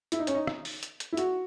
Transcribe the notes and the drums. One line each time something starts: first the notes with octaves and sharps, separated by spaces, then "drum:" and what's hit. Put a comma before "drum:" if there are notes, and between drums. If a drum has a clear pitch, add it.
E4, drum: hi-hat
D#4
C#4, drum: hi-hat
D#4
drum: rim click
drum: open hi-hat
drum: hi-hat
drum: hi-hat
E4
F#4, drum: hi-hat